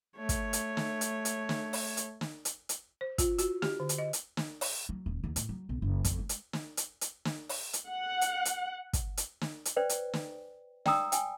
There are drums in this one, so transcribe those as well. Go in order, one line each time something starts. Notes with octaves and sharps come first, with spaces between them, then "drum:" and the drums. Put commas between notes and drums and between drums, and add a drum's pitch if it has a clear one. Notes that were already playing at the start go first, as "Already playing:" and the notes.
A3 C#5
drum: kick, hi-hat
drum: hi-hat
drum: snare
drum: hi-hat
drum: hi-hat
drum: snare
drum: open hi-hat
drum: hi-hat
drum: snare
drum: hi-hat
drum: hi-hat
C5
F4, drum: kick, hi-hat
F#4, drum: hi-hat
G4, drum: snare
D3
drum: hi-hat
D#5
drum: hi-hat
drum: snare
drum: open hi-hat
F#3
D#1
D#2
A2, drum: hi-hat
F#3
B1
F#1
F2, drum: kick, hi-hat
G#3
drum: hi-hat
drum: snare
drum: hi-hat
drum: hi-hat
drum: snare
drum: open hi-hat
drum: hi-hat
F#5
drum: hi-hat
drum: hi-hat
drum: kick, hi-hat
drum: hi-hat
drum: snare
drum: hi-hat
B4 C5 D5 G5
drum: hi-hat
drum: snare
D5 G5 A#5 D#6 E6, drum: snare
G5 G#5, drum: hi-hat